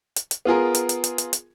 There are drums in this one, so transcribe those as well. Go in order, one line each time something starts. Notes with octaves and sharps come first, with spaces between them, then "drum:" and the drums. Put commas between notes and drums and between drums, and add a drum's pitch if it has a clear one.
drum: hi-hat
drum: hi-hat
B3 F4 G#4 A#4
drum: hi-hat
drum: hi-hat
drum: hi-hat
drum: hi-hat
drum: hi-hat